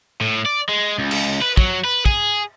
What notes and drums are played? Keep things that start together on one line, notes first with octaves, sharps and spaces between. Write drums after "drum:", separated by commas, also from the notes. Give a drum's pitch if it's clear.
A2
D5
G#3
C#2
drum: cymbal
B4
F#3, drum: kick
B4
G#4, drum: kick